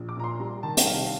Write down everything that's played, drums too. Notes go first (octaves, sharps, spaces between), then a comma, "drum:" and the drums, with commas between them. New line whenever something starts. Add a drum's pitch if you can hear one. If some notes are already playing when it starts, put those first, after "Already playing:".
Already playing: A#1
D6
A#2 A#5
C6
G3 A#5
D#3 A5
G5, drum: hi-hat
C2 F5